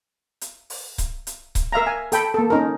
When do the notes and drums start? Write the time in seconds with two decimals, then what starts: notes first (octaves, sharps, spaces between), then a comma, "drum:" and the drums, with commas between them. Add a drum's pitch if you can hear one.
0.41 drum: hi-hat
0.70 drum: open hi-hat
0.98 drum: kick C#1, hi-hat
1.27 drum: hi-hat
1.55 drum: kick C#1, hi-hat
1.73 A#4 E5 F5 A#5
1.87 G#5
2.12 A4 G5 B5, drum: hi-hat
2.34 A#3 A4
2.50 C#4 D#4 A#4